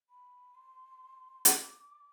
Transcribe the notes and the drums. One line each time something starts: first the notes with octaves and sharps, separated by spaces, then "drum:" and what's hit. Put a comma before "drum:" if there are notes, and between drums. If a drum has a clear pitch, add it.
B5
C6
D6, drum: hi-hat